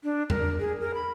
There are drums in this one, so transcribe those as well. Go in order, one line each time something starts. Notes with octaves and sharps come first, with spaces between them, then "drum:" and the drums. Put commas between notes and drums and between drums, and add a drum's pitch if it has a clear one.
D4
A#4, drum: tom E2
G#4
A#4
B5